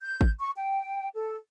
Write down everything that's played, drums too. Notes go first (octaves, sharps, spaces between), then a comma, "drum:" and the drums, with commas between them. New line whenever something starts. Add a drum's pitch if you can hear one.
G6
drum: kick G#1
C#6
G5
A4